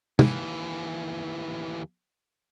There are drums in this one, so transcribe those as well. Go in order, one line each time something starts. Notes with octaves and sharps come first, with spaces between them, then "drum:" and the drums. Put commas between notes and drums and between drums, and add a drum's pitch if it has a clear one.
D#2 E3, drum: tom